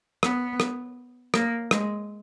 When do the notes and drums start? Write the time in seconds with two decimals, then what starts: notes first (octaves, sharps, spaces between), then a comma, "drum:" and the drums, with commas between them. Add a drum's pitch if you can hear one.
0.23 B3, drum: rim click
0.60 drum: rim click
1.34 A#3, drum: rim click
1.71 G#3, drum: rim click